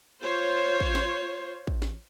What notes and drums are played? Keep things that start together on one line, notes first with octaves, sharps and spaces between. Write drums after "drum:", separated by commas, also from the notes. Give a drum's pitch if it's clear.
F4 C5 C#5
drum: kick A1
drum: snare
drum: kick A1
drum: snare